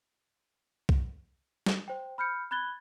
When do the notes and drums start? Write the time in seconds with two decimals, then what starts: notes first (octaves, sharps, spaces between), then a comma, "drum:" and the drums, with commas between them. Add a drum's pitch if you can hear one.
0.89 drum: kick B1
1.66 drum: snare
1.88 C5 G5
2.18 B5 F6 G6 C#7
2.51 B5 F#6 G#6 A6 G7